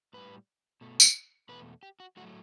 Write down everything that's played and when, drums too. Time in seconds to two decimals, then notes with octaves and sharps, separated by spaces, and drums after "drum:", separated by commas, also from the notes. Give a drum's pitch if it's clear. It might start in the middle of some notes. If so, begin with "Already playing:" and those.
0.13 A2 G3 B4
0.81 B2 A3
1.00 drum: tambourine
1.49 E2 B2 A3 B4
1.83 G4
2.00 F#4
2.17 A2 F#3 A3 F#4